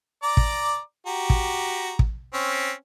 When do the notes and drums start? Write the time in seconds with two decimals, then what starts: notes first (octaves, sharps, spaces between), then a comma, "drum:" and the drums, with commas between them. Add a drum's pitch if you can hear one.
0.23 D5 A#5 D6
0.37 drum: kick
1.07 F#4 G4 A#5
1.30 drum: kick
1.99 drum: kick
2.34 C4 C#4